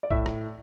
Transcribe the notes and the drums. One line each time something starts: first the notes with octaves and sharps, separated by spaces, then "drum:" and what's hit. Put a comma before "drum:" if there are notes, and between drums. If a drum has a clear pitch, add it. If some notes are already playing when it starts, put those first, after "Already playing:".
D5
A2 E5, drum: kick B1
drum: rim click